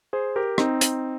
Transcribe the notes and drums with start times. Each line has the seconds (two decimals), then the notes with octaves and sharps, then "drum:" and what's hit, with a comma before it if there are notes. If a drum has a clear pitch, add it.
0.13 G#4 C5
0.36 G4 A#4
0.58 C4 D#4, drum: rim click
0.81 drum: hi-hat